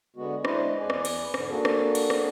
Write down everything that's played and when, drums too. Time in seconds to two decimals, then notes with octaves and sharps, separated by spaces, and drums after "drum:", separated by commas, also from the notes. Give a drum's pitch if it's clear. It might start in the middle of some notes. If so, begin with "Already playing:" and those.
0.17 D3 G#3 B3 F#4
0.45 G#3 D4 E4 B4 C5 D#5, drum: rim click
0.80 E2 G#4 B4 D5 G#5
0.90 drum: rim click
1.05 drum: cymbal
1.34 G#2 D3, drum: rim click
1.50 A#3 D4 F#4 G#4 A4
1.65 drum: rim click
1.95 drum: cymbal
2.10 drum: rim click